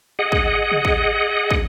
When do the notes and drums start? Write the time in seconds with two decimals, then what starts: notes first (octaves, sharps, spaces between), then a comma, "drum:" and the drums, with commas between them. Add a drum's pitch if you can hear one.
0.19 G#4 D#5 F#5
0.32 drum: kick
0.72 drum: tom C3
0.85 drum: kick
1.51 drum: kick